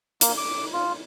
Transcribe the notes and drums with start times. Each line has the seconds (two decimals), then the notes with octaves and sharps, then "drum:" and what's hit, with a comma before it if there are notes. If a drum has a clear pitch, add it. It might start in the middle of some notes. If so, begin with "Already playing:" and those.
0.21 A#3, drum: hi-hat
0.37 D6
0.73 F4